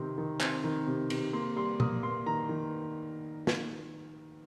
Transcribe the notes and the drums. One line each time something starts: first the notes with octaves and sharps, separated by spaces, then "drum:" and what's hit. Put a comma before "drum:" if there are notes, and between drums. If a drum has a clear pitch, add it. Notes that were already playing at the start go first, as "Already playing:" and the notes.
Already playing: C3 D#3 C4
D#3
C4, drum: clap
D#3
C3
C3, drum: cymbal
A#3 C6
G3 C6
A#3 D#6, drum: tom A#2
A#3 C6
D#3 A#5
D#3
drum: snare